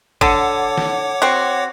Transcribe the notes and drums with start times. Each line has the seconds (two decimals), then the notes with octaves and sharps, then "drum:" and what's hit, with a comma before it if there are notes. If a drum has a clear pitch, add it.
0.21 D3 A4 C#5 F#5 D6, drum: kick
0.78 drum: snare
1.22 C4 F#4